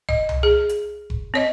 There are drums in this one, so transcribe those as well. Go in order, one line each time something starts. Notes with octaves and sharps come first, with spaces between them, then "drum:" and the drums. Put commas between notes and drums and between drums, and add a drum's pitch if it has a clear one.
D#5, drum: kick F1
drum: tom C2
G#4
drum: hi-hat
drum: kick F1
C4 C#5 D#5